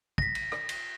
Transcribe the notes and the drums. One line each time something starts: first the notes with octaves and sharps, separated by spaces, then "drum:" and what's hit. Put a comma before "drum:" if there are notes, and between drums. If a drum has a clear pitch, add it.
A#6 B6, drum: kick
drum: cymbal
drum: rim click
drum: cymbal